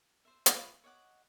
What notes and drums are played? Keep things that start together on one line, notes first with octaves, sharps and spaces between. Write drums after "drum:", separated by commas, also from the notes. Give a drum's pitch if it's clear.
C5 E5
F4 B4 E5, drum: hi-hat
C#5 D#5 F#5 D6